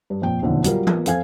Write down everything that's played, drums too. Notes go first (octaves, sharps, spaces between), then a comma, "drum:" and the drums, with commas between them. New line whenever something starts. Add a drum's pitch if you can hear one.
G2
F2 A#2 G5
E1 A#1 F2 A#2 D3 D#3
F#3 G3 F4 A#4, drum: hi-hat
B3 F4 A#4, drum: tom E3
F2 C4 A4 F5 G#5 G#6, drum: hi-hat